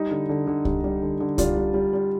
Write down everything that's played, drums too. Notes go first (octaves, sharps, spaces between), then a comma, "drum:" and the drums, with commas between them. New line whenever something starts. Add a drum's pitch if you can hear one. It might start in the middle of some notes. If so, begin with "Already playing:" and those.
Already playing: G3 D#4
D3
D3
D3
G3, drum: kick C2
G3
D3
D3
G3 D4 F4, drum: kick C2, hi-hat
G3
G3
G3